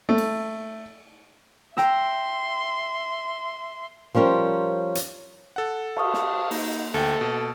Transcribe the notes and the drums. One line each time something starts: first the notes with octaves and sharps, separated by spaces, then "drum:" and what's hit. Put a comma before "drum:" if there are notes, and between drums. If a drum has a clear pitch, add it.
A3
drum: cymbal
E5 G5 A#5 C6 E6, drum: snare
F3 G3 C#4 A#4 C5
drum: hi-hat
A4 F#5
F5 A5 C#6 D#6, drum: cymbal
drum: snare
A#3 D#4, drum: open hi-hat
D2 A4 G5
B2